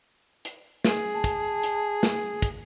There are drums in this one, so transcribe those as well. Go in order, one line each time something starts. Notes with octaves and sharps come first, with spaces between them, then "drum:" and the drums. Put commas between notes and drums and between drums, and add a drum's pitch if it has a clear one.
drum: hi-hat
G#4, drum: snare
A5
drum: kick, hi-hat
drum: hi-hat
drum: snare
drum: kick, hi-hat